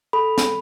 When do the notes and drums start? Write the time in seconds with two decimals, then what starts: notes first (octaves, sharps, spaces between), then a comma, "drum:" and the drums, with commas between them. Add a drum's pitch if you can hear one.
0.13 A4 B5
0.38 drum: snare